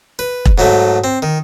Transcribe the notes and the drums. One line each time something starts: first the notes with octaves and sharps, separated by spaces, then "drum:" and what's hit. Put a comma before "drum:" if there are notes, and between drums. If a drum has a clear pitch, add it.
B4
drum: kick E1
G#2 F#3 A3
C4
D#3